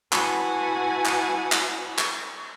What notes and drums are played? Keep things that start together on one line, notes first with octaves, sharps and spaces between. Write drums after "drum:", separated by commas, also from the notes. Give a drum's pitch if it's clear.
E4 F#4 B4 F#5 G#5 A5, drum: clap
drum: clap
drum: clap
drum: clap